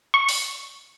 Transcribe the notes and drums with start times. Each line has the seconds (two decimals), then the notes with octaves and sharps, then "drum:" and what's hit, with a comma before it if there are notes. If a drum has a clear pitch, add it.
0.14 C#6
0.29 drum: open hi-hat